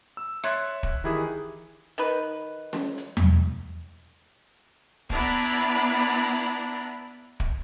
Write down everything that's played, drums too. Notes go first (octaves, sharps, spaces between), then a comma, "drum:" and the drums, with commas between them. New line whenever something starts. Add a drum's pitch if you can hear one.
E6
C#5 E5 C6 F#6 G#6 A6, drum: rim click
drum: kick
D#3 E3 E4 G4 G#4
D#3 B4
drum: snare C#4
drum: hi-hat
drum: tom E2
B3 D4 E4 A#5 B5, drum: kick
drum: kick